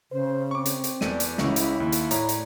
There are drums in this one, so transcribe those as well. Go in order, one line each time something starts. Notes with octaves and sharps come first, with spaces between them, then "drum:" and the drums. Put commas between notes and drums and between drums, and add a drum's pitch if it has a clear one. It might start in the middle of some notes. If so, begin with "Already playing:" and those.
C#3 C5
C4 C#6 D6
drum: hi-hat
drum: hi-hat
E2 A4 D5 D#7, drum: snare
drum: hi-hat
C#2 C#3 E4 C#6, drum: snare
drum: hi-hat
D#2
drum: hi-hat
A2 C#5 D5 A#5, drum: hi-hat
drum: hi-hat